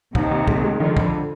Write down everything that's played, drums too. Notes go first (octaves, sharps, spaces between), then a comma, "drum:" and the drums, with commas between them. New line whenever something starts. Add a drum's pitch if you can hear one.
D#2 C3 D#3, drum: kick
D#2
G#3, drum: kick
G#3
D3 D#3 F3
F2, drum: kick